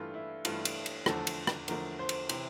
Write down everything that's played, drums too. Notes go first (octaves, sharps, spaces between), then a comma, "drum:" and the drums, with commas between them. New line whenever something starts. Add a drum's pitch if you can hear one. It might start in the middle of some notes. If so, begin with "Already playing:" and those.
Already playing: G2 E3 A3 F4
E4
G2 E3 A3 F4, drum: cymbal
drum: cymbal
drum: cymbal
E2 D3 F3 A3 A4, drum: rim click
drum: cymbal
drum: rim click
E2 D3 F3 A3 A#4, drum: cymbal
C5
drum: cymbal
C3 E3 C5, drum: cymbal